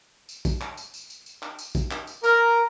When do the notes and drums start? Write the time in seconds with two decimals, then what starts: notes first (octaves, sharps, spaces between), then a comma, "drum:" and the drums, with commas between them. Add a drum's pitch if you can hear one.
0.29 drum: tambourine
0.45 drum: kick, tambourine
0.61 drum: clap
0.77 drum: tambourine
0.94 drum: tambourine
1.10 drum: tambourine
1.26 drum: tambourine
1.42 drum: clap
1.59 drum: tambourine
1.75 drum: kick, tambourine
1.91 drum: clap
2.07 drum: tambourine
2.24 A#4, drum: tambourine